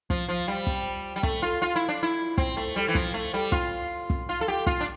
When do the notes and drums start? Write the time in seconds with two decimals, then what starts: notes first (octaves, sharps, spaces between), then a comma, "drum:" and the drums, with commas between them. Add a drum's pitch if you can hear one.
0.10 F3, drum: kick
0.29 F3
0.48 G3
0.67 drum: kick
1.16 G3
1.23 A3, drum: kick
1.42 F4
1.62 F4
1.76 E4
1.89 D4
2.03 E4
2.38 C4, drum: kick
2.57 A3
2.76 G3
2.88 E3
2.95 F3, drum: kick
3.14 A3
3.34 G3
3.52 F4, drum: kick
4.10 drum: kick
4.29 F4
4.41 A4
4.48 G4
4.67 F4, drum: kick
4.81 D4